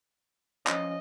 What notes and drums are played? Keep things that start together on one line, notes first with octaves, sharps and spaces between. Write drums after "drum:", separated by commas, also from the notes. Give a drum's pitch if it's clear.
F3 C#4 D#5, drum: clap